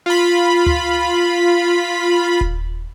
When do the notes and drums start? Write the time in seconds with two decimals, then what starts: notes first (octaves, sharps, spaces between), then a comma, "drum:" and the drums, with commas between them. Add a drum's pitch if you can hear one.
0.06 F4 B5
0.66 drum: tom D2
2.41 drum: kick D#1